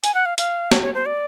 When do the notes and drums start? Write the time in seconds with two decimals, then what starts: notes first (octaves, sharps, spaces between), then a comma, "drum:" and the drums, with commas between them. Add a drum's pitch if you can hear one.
0.04 G#5, drum: hi-hat
0.14 F#5
0.26 F5
0.38 F5, drum: hi-hat
0.71 C#5, drum: snare
0.82 C#5
0.94 C5
1.06 D5